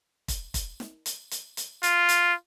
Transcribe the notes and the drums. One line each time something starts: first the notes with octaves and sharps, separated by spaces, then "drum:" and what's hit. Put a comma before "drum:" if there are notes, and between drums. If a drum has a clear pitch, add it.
drum: kick, hi-hat
drum: kick, hi-hat
drum: snare
drum: hi-hat
drum: hi-hat
drum: hi-hat
F4, drum: hi-hat
drum: hi-hat